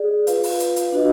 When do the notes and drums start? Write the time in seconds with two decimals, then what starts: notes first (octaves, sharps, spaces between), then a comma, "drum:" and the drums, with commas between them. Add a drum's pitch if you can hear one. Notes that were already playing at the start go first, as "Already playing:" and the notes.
Already playing: G#4 D5
0.27 F4 B4 F5, drum: hi-hat
0.43 drum: open hi-hat
0.60 drum: hi-hat
0.76 drum: hi-hat
0.92 D4 F#4 B4 D#5